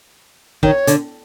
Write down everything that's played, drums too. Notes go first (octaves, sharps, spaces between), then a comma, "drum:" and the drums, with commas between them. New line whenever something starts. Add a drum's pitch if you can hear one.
D#3 C#5, drum: kick
D3, drum: hi-hat